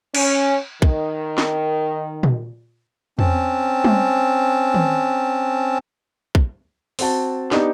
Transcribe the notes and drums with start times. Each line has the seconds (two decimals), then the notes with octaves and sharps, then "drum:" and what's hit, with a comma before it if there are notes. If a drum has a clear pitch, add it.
0.15 C#4, drum: cymbal
0.82 D#3, drum: kick
1.38 drum: snare
2.23 drum: tom A#2
3.19 C4 C#4 A5, drum: tom E2
3.84 drum: tom G3
4.74 drum: tom D#3
6.35 drum: kick
6.99 C4 F#4 A5, drum: open hi-hat
7.51 B3 D4 D#4 G4, drum: snare